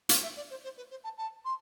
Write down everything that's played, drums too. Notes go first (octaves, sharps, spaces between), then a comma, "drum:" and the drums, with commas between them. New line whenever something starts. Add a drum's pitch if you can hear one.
F5, drum: hi-hat
E5
D5
C5
C5
B4
C5
A5
A5
C6